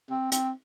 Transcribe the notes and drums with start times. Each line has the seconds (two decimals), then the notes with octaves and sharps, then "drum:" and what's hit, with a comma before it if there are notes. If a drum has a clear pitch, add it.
0.10 C4
0.32 C4, drum: hi-hat